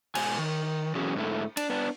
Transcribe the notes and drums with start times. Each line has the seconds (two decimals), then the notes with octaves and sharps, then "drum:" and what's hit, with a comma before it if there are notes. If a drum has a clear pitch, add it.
0.15 G#2 B2 G#5, drum: cymbal
0.39 D#3
0.95 B2 E3 F#3 C#4 G#4
1.16 G#2 D3 A3 E4
1.57 D4, drum: cymbal
1.70 B3 D4